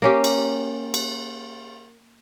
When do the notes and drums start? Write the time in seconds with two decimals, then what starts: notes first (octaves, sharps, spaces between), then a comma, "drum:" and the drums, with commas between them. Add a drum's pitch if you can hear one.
0.02 A#3 C#4 G4
0.24 drum: cymbal
0.94 drum: cymbal